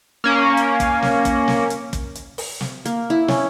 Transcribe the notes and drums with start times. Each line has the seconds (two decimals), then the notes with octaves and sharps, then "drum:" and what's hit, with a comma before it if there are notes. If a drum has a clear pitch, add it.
0.24 A#3 C#4
0.57 drum: hi-hat
0.80 drum: kick, hi-hat
1.02 drum: snare
1.25 drum: kick, hi-hat
1.48 drum: snare
1.70 drum: hi-hat
1.93 drum: kick, hi-hat
2.15 drum: hi-hat
2.38 drum: open hi-hat
2.61 drum: snare
2.85 A#3, drum: hi-hat
3.10 E4
3.28 C#4, drum: snare